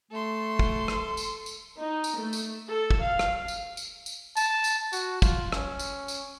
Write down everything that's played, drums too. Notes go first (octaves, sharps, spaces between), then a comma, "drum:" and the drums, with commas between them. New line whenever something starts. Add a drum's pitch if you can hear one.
A3 A4 C6
drum: kick
drum: rim click
drum: tambourine
drum: tambourine
D#4
drum: tambourine
A3
drum: tambourine
A4
drum: kick
F5
drum: rim click
drum: tambourine
drum: tambourine
drum: tambourine
A5, drum: tambourine
drum: tambourine
F#4, drum: tambourine
F4, drum: kick, tambourine
C#4, drum: rim click
drum: tambourine
drum: tambourine